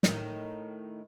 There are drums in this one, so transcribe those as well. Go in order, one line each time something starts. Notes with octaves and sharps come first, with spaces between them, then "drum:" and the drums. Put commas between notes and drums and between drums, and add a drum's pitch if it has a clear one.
A2 D#3 D#4, drum: snare